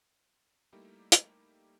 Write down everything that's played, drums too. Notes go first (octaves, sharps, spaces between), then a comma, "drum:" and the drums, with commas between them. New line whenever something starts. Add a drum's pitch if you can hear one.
G3 A3 A#3 D#4 E4 G4
drum: hi-hat